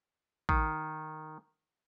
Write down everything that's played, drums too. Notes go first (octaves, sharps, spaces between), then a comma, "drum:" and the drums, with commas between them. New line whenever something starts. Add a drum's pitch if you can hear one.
D#3, drum: kick A1